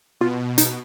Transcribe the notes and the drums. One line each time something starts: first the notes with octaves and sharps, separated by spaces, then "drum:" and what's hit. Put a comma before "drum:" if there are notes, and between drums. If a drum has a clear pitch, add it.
B2 F4
D#4, drum: hi-hat